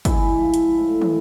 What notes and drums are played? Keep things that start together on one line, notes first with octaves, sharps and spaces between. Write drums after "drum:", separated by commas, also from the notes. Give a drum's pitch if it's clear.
G#3 E4, drum: kick, hi-hat
F3
drum: hi-hat
A2
drum: tom